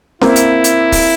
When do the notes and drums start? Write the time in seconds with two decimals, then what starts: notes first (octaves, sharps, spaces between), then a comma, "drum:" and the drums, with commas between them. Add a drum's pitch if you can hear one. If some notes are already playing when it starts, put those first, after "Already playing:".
0.21 A#3 C4 E4, drum: snare C#4
0.36 drum: hi-hat
0.64 drum: hi-hat
0.92 drum: kick, open hi-hat